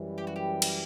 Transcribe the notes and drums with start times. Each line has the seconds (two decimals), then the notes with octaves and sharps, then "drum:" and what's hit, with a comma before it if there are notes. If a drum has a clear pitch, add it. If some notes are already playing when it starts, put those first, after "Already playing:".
Already playing: F#2 E3 G3
0.18 G4
0.27 F#4
0.36 G4
0.62 drum: cymbal